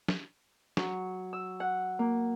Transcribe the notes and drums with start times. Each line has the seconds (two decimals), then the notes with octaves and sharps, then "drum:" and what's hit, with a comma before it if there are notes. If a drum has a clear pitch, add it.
0.08 drum: snare
0.77 F#3, drum: snare
1.33 E6
1.60 F#5
1.99 A#3